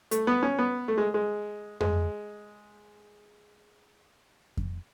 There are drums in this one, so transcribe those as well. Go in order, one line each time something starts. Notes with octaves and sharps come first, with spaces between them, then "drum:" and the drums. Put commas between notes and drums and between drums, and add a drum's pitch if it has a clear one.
A3, drum: hi-hat
B3
C#4
B3
A3
G#3
G#3
G#3, drum: tom F2
drum: kick F2